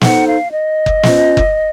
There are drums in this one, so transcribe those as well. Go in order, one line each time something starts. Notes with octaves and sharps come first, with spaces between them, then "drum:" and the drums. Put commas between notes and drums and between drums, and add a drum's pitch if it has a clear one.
D#4 A4 C5 F#5, drum: snare
F5
D#5
drum: kick F#1
C#4 F4 C5, drum: snare
drum: kick F#1